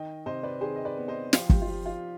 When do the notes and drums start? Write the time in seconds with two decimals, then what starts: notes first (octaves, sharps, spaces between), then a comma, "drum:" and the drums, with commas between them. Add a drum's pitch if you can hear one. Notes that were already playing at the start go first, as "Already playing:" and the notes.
Already playing: D#3 D#5 G5
0.26 C3 C5 D#5
0.43 B4 D5
0.61 D#3 G#4 C5
0.76 D#5
0.85 B4 D5
0.98 B3
1.08 C5 D#5
1.33 F3 F4, drum: snare
1.49 G4, drum: kick
1.62 F4
1.67 F3 G4
1.86 F4